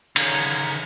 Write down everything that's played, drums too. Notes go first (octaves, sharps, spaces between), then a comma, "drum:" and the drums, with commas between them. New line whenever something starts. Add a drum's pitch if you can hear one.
D3 D#3 C#4 G#4 C#5 F5 A#5, drum: cymbal